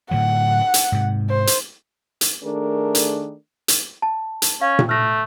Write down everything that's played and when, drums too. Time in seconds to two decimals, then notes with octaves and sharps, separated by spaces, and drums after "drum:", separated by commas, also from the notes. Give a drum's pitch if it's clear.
0.11 A2 D3 F#3 F#5
0.74 drum: hi-hat
0.92 G#2 C3
1.29 C5
1.47 drum: hi-hat
2.21 drum: hi-hat
2.43 D#3 A3 D4 G#4 A#4
2.95 drum: hi-hat
3.68 drum: hi-hat
4.02 A5
4.42 drum: hi-hat
4.61 C#4 F5
4.79 drum: tom A#2
4.89 A3 F6 A#6